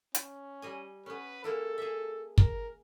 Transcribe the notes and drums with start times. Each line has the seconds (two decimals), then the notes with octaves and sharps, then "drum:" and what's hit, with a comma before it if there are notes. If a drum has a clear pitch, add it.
0.15 C#4, drum: hi-hat
0.62 G3 D#5 G#5
1.06 B3 C#4 B4
1.44 G#3 A#3 E4 A4
1.78 G#4 E5
2.38 A#4, drum: kick